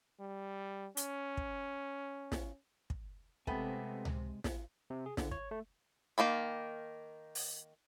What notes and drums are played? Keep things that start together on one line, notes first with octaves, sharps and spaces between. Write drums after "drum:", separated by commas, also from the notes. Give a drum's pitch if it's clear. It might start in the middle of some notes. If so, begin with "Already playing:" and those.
G3
C#4, drum: hi-hat
drum: kick
drum: snare
drum: kick
C3 G#3 A3 B3 C4 G5 G#5 B5, drum: kick
drum: tom C#2
drum: snare
C3
G#4
D3, drum: snare
C#5, drum: kick
A3
D#3 A#3 A5 B5
drum: open hi-hat